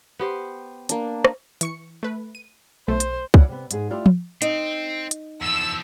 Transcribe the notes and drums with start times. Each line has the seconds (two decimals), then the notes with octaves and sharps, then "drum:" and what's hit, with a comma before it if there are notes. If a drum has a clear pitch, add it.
0.19 B3 G4 C5
0.89 A#3 D4, drum: hi-hat
1.25 drum: rim click
1.61 E3 C#6 C#7, drum: hi-hat
2.03 A3 B4
2.35 D#7
2.88 B1 A3 C5
3.00 drum: hi-hat
3.34 C#3 E3 F#4 D5 F#5, drum: kick
3.48 C3 B3
3.71 G#2 G#4, drum: hi-hat
3.90 A3 E4 F4 G4 D5
4.06 drum: tom
4.42 C4 D#4, drum: hi-hat
5.11 drum: hi-hat
5.42 E2 F3 E6